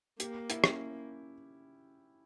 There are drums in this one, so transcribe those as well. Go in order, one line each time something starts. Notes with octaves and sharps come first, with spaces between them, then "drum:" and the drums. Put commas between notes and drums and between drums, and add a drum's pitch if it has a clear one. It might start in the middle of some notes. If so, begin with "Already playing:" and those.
A#3 G4, drum: hi-hat
E4, drum: hi-hat
C#4, drum: rim click